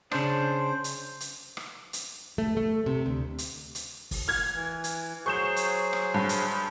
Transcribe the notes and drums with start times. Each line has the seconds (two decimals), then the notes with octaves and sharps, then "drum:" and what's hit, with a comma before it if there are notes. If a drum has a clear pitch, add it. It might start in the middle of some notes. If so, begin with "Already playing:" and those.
0.11 C#3 D4 C5, drum: rim click
0.84 drum: hi-hat
1.20 drum: hi-hat
1.57 drum: rim click
1.93 drum: hi-hat
2.38 A3
2.57 A3
2.86 C3
3.06 D2
3.38 drum: hi-hat
3.75 drum: hi-hat
4.11 drum: kick, open hi-hat
4.28 F6 G#6
4.55 E3
4.84 drum: hi-hat
5.26 F#3 G#4 C5 C#6 G6 E7
5.56 drum: hi-hat
5.93 drum: rim click
6.14 G2
6.29 drum: hi-hat